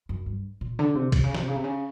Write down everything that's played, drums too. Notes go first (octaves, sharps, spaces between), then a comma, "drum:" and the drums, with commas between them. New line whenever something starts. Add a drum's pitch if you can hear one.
F#2
G2
A#2
D3
C3
C3, drum: kick B1, cymbal
C#3
C3, drum: snare
C#3
C3
C#3